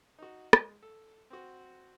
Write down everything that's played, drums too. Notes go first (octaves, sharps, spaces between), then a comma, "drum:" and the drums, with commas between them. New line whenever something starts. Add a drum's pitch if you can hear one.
D#4 F#4
G#3, drum: rim click
A4
C4 F#4